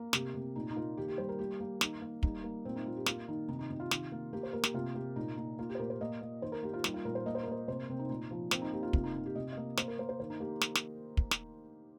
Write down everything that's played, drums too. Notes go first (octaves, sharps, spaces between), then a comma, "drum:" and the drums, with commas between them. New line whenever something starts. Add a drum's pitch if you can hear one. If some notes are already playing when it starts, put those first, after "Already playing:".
Already playing: A#3
C3 G4, drum: snare
C3
A#2 D#4
D#4
A#3 F4
D#3 G4
G4
G3 C5
A#4
A#3 G4
A#3
D#3 D#4, drum: snare
A#3
G3 D#4, drum: kick
A#3
A#2 C4
D#4
A#2 F4
G4
A#3 F4, drum: snare
D#3 D#4
C3 D#4
D#4
C3 D#4
F4
D#3, drum: snare
A#3
A#3 G4
C5
A#3 A#4
G4, drum: snare
C3 F4
A#3 G4
A#2 D#4
A#3 D#4
A#3 F4
G4
C5
A#2 A#4
C5
A#3 D#5
A#3
D#3 C5
A#4
A#3 G4
F4
G3 D#4, drum: snare
F4
A#2 A#4
C5
A#3 D#5
C5
A#4
A#3 C5
C3 C5
C3 C4
D#4
A#2 D#4
F3
A#3 C4, drum: snare
D#4
A#3 G4
F4
C3 F4, drum: kick
D#4
C3 D#4
G4
C3 D#5
A#3 D#5
A#3 C5, drum: snare
A#4
A#3 C5
C5
D#3 C5
D#4
A#3 G4
drum: snare
drum: snare
drum: kick
drum: snare